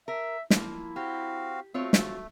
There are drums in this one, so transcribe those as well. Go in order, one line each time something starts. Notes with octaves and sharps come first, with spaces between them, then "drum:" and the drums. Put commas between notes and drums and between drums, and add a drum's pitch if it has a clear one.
A#4 E5
F3 A#3 E4, drum: snare
C4 F#4 G4 F5
A3 C4 F4 F#4 C#5
drum: snare